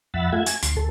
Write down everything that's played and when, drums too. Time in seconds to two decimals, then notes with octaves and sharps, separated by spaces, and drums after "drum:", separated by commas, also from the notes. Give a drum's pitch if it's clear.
0.14 F2 E5 F#5 B5 A6
0.32 A3 F4 E5 F#5 G#6
0.46 G#5, drum: hi-hat
0.63 D2 C6, drum: hi-hat
0.77 D2 A4